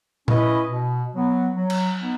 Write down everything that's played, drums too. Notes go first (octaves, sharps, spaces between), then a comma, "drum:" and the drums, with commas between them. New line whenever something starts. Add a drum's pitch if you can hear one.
C#4 E4 B4 D#5, drum: tom A#2
B2
F#3 B3
F#3
drum: cymbal
B3 D#4